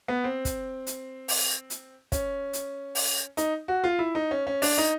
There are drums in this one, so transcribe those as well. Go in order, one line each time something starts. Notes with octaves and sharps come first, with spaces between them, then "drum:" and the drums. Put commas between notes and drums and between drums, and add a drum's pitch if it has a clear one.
B3
C4
drum: kick, hi-hat
drum: hi-hat
drum: open hi-hat
drum: hi-hat
C#4, drum: kick, hi-hat
drum: hi-hat
drum: open hi-hat
D#4, drum: hi-hat
F#4
F4
E4
D#4
C#4
C#4
D4, drum: open hi-hat
D#4